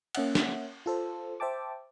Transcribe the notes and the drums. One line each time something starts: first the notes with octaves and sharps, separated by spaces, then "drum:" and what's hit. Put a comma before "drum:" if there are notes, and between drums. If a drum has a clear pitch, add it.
A#3 C#4 E5 F#5, drum: cymbal
drum: snare
F4 A4 C5
C5 E5 G5 A5 D6